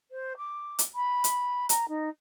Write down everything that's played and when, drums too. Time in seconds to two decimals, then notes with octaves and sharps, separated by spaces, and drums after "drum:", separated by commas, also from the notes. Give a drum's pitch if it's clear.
0.11 C5
0.37 D6
0.79 drum: hi-hat
0.95 B5
1.24 drum: hi-hat
1.69 A#5, drum: hi-hat
1.88 D#4